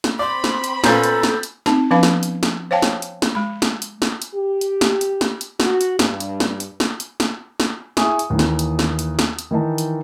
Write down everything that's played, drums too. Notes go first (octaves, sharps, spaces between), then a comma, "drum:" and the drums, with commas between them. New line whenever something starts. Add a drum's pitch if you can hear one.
drum: snare
C4 D5 B5 C6
drum: snare
drum: hi-hat
A#2 B3 C#4 A4 A#5 G6 A6, drum: snare
drum: hi-hat
drum: snare
drum: hi-hat
C4 D#4 A5, drum: snare
F3 B3 C#4 B4 F5 B5
drum: snare
drum: hi-hat
drum: snare
C5 C#5 F5 G5 A5
drum: snare
drum: hi-hat
drum: snare
G#3 B5
drum: snare
drum: hi-hat
drum: snare
drum: hi-hat
G4
drum: hi-hat
drum: snare
drum: hi-hat
drum: snare
drum: hi-hat
F#4, drum: snare
drum: hi-hat
G2, drum: snare
drum: hi-hat
drum: snare
drum: hi-hat
drum: snare
drum: hi-hat
drum: snare
drum: snare
E4 G#4 E5 G#5 C#6 D#6, drum: snare
drum: hi-hat
D#2 E3
drum: snare
drum: hi-hat
drum: snare
drum: hi-hat
drum: snare
drum: hi-hat
D#3 E3 D#4 A5
drum: hi-hat